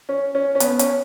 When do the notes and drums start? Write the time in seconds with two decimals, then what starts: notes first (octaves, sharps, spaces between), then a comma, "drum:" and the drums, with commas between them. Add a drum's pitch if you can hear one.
0.09 C#4
0.35 C#4
0.55 C#4
0.60 B3, drum: hi-hat
0.79 C#4, drum: hi-hat